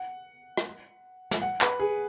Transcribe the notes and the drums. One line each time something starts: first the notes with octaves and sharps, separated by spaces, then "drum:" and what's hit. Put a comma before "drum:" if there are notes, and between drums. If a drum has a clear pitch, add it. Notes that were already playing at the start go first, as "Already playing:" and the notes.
Already playing: F#5
drum: rim click
drum: snare
F#5
B4, drum: clap
G#4